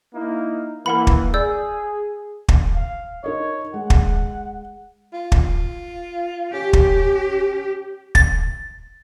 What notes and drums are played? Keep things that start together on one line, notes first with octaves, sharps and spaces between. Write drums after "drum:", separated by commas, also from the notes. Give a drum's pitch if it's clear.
A#3 D#4 E4
E3 A#3 A#4 F#5 B5
drum: kick
G#4 D5 E6 G6
drum: kick
F5
D#4 A#4 C#5 D#5
G#3 F#5
drum: kick
F4
drum: kick
C#4 G4
drum: kick
A6, drum: kick